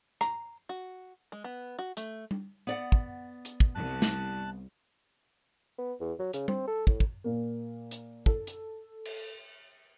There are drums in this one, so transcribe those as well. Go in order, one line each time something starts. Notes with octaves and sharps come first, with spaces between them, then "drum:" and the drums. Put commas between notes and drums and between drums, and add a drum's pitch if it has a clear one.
A#5, drum: rim click
F#4
G#3
B3
F#4
A3, drum: hi-hat
drum: tom G3
B3 D5 F#5
drum: kick
drum: hi-hat
drum: kick
C2 A5 F#6
drum: snare
B3
E2
F#3
C#3, drum: hi-hat
C4, drum: tom G3
A4
A2, drum: kick
drum: kick
A#2 A#3
drum: hi-hat
A4, drum: kick
drum: hi-hat
drum: cymbal